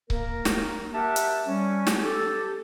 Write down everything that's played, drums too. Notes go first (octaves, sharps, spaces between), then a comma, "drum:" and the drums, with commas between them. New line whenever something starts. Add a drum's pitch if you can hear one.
A#3 A#4, drum: kick C#1
drum: snare
G4 A#4 E5 F#5 A5
drum: hi-hat
G3 C#4
drum: snare
G4 A4